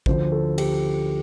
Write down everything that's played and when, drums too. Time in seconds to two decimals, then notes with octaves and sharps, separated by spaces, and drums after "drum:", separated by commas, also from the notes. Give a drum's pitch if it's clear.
0.06 D2 D3 F3 C5, drum: kick
0.32 A4
0.58 G4, drum: cymbal